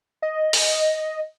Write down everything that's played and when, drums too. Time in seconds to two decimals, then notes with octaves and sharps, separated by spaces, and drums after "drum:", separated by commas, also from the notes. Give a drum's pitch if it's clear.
0.22 D#5
0.53 drum: open hi-hat